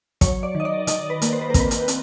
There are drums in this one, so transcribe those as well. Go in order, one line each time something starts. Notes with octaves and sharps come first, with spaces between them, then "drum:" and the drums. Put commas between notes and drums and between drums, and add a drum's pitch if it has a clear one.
F#3 C#5, drum: kick, hi-hat
D5
D#3
D#5
D5
D#3 D#5, drum: hi-hat
B4
A#3, drum: hi-hat
C5
B4
A#4
C4, drum: kick, hi-hat
B4
drum: hi-hat
C4, drum: hi-hat